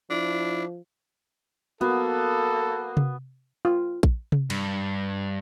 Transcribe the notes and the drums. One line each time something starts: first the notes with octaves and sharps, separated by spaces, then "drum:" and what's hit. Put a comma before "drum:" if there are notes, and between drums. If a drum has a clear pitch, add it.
F3 D4 E4
A#3 B3 F#4 A4
drum: tom C3
F4
drum: kick A#1
drum: tom C3
G2, drum: cymbal